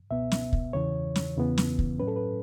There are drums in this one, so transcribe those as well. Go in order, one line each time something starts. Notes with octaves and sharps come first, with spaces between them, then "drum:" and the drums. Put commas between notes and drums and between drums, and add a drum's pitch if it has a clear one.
C#2 B2 B3 E5
drum: snare
drum: kick
E2 C#3 E3 C#5
drum: snare
E2 C#3 E3 B3
drum: snare
drum: kick
A2 F#3 C#4 B4
A4
B4